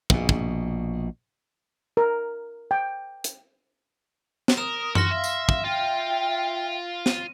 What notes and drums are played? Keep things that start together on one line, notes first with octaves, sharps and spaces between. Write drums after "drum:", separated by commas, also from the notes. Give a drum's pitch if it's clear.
A#1 B2, drum: kick
drum: kick
A#4
G5
drum: hi-hat
drum: snare
A#4 D#6 E7
F#4 F#5 C6 F6 A#6, drum: tom F#2
E5 F5
drum: tambourine
drum: kick
F4 E5 G5
D#7, drum: snare